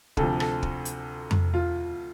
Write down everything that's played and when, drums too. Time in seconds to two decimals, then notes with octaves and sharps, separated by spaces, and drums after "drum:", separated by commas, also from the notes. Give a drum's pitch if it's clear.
0.17 D2 C3 F3 A4, drum: kick
0.40 A4, drum: rim click
0.63 drum: kick
0.85 drum: hi-hat
1.31 drum: tom F2
1.54 F4